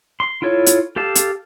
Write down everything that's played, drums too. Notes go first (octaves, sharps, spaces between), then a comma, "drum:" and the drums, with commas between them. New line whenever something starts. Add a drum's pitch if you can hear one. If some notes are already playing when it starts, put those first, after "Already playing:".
C6
E4 F4 A4 C#5
drum: hi-hat
G4 A4 F5 A5
drum: hi-hat